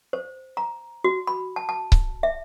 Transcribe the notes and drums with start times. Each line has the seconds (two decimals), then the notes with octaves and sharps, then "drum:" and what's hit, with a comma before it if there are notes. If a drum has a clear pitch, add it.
0.13 C5
0.57 A#5
1.04 F#4
1.27 B5
1.56 A5
1.69 A5
1.92 drum: kick C#1
2.23 E5